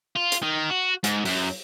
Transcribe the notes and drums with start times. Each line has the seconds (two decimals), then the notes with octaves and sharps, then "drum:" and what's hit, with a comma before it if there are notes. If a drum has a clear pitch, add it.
0.16 F4
0.32 drum: hi-hat
0.42 D#3
0.70 F#4
1.04 G#2, drum: hi-hat
1.25 F#2, drum: open hi-hat